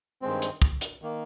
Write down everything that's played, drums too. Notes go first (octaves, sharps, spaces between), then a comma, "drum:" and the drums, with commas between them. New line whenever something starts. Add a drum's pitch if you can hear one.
G2 D#3 G#3 C4
drum: hi-hat
drum: kick
drum: hi-hat
D#3 A#3